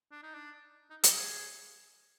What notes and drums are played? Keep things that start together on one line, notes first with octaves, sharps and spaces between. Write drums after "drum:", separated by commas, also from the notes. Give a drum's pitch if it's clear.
D4
D#4
D4
D#4
A#4, drum: hi-hat
G#4